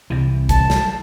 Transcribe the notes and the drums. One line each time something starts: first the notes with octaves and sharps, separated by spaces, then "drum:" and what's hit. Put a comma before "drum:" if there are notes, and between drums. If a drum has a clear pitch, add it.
C2 C3 E3
A5, drum: kick, hi-hat
drum: snare